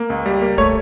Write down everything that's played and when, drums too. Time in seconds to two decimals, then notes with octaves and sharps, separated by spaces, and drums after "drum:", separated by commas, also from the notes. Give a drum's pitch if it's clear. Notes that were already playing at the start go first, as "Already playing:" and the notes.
Already playing: A#3
0.10 C#2
0.26 G3
0.42 A#3
0.58 A3 C#5, drum: kick